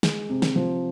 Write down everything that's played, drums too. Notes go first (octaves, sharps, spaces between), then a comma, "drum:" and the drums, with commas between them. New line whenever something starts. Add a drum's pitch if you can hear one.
G#3, drum: snare
C3
drum: snare
F3